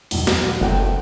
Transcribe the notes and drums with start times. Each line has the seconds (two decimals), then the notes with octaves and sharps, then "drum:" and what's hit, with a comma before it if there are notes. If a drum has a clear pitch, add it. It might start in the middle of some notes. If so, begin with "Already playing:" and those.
0.11 E1 B1, drum: open hi-hat
0.27 drum: snare
0.42 F#3
0.61 F#1 A3 F#5 G5